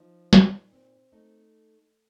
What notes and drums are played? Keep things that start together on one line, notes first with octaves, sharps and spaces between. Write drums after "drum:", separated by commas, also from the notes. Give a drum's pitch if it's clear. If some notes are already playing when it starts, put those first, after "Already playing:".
Already playing: F3 D#4
A#2, drum: snare
C4
A3 D#4